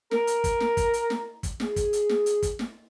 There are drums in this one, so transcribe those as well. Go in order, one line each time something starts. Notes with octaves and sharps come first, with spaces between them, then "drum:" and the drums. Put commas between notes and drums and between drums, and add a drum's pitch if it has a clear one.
A#4, drum: snare
drum: hi-hat
drum: kick, hi-hat
drum: snare
drum: kick, hi-hat
drum: hi-hat
drum: snare
drum: kick, hi-hat
G#4, drum: snare
drum: kick, hi-hat
drum: hi-hat
drum: snare
drum: hi-hat
drum: kick, hi-hat
drum: snare